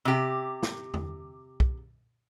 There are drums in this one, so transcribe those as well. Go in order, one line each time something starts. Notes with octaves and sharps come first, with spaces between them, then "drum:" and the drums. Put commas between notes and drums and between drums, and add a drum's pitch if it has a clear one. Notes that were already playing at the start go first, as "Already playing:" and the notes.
C3 G4
drum: snare
drum: tom E2
drum: kick